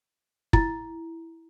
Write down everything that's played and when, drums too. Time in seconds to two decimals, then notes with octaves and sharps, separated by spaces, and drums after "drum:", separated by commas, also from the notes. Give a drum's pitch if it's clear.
0.53 E4, drum: kick